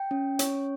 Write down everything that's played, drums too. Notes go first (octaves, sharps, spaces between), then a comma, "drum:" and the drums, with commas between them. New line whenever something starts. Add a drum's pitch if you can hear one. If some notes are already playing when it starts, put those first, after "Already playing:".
Already playing: G5
C#4
C#4 C#5, drum: hi-hat